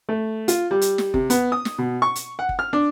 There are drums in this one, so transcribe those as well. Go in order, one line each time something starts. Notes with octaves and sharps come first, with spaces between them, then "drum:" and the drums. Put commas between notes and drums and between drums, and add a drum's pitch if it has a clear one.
A3
F4, drum: hi-hat
G3
drum: hi-hat
drum: snare
C3, drum: kick
B3, drum: hi-hat
D#6
drum: snare
B2
C#6
drum: hi-hat
F#5
drum: kick
F6
D4